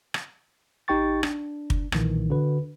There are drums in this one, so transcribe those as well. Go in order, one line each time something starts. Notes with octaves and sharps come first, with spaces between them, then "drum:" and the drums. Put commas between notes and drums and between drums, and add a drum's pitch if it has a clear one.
drum: rim click
A1 D#4 G4 G5 C#6 A6
D4, drum: rim click
drum: kick
B1 A#2 D#3 E3, drum: rim click
D3 F#4 B4